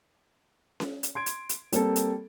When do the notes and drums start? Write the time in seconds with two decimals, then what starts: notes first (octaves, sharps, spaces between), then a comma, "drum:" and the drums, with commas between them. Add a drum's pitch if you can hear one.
0.80 drum: snare C#4
1.03 drum: hi-hat
1.15 C6 G#6 D7
1.26 drum: hi-hat
1.49 drum: hi-hat
1.72 G3 A#3 C4 A4, drum: hi-hat
1.96 drum: hi-hat